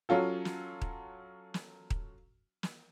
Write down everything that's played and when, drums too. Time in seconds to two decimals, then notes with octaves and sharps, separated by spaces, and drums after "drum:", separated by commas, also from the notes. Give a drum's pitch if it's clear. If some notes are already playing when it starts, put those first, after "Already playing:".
0.09 F#3 C#4 F4 A4
0.45 drum: snare
0.81 drum: kick D#1
1.54 drum: snare
1.90 drum: kick D#1
2.63 drum: snare